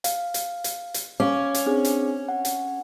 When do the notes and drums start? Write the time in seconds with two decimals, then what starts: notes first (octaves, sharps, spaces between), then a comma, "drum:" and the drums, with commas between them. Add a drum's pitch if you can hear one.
0.04 F5, drum: hi-hat
0.34 drum: hi-hat
0.64 drum: hi-hat
0.94 drum: hi-hat
1.20 C#4 F5 D6
1.54 drum: hi-hat
1.66 C4 D4 G#4
1.85 drum: hi-hat
2.28 F#5
2.45 drum: hi-hat